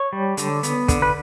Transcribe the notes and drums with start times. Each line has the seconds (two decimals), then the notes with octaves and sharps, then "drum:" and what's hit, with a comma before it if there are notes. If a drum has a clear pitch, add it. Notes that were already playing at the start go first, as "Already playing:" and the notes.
Already playing: C#5
0.13 G3
0.37 D3, drum: hi-hat
0.63 B3, drum: hi-hat
0.88 D3, drum: kick, hi-hat
1.02 B4